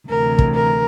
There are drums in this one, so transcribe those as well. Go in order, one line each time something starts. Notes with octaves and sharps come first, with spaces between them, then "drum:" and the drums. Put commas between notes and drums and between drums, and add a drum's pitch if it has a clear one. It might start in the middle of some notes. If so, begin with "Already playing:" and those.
D2 C3 E3 A#4
drum: kick
A#4